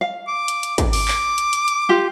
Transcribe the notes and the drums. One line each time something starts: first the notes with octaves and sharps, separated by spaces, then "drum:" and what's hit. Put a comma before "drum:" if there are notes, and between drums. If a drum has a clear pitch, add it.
F5
D6
drum: hi-hat
drum: hi-hat
drum: kick, hi-hat
D6, drum: open hi-hat
drum: clap
drum: hi-hat
drum: hi-hat
drum: hi-hat
F4 G4